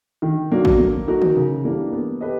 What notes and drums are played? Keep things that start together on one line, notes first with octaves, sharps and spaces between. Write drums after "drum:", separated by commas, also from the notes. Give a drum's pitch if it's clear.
D#3
F#3 A#3 D4 F#4
drum: kick
A#3
D#4 F#4 A#4
drum: tom D3
C#3
E3 G3 A#3 D4
B3
G4 B4 D#5